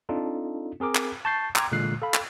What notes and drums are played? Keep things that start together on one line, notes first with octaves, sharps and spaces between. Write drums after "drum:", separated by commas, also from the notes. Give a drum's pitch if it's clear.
C4 D4 D#4 F4 A4
C4 G#4 A#4 D6
drum: clap
A5 C#6 G6 A6 C7
G5 A#5 C6 D6 G#6, drum: clap
A#2 D3 E3 G#3 F#6 C7
A4 F5 B5
drum: clap